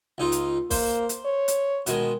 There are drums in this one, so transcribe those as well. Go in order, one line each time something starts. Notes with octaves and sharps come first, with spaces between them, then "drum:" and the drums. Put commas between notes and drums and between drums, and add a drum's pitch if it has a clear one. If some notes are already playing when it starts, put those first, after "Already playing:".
C#2 D#4 F4
drum: hi-hat
A#3 C5, drum: kick, open hi-hat
drum: hi-hat
C#5
drum: hi-hat
B2 D#3 G#3, drum: hi-hat